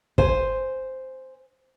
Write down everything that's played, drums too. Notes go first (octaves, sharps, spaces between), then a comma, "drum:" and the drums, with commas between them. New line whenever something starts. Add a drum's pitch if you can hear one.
C5 G#5, drum: kick